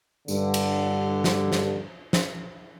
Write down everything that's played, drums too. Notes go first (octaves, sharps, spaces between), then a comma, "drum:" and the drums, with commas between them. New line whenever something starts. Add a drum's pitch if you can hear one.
G2 D3, drum: tambourine
drum: cymbal
drum: snare
drum: snare
drum: snare